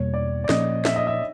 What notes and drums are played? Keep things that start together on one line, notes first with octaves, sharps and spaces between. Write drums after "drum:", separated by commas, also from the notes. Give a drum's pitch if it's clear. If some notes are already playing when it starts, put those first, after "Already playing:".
Already playing: E2 B2 G3 A#3 C#5
D5
D5
A#2 F3 A#3 C#4 D#5, drum: snare
E5, drum: snare
D#5
E5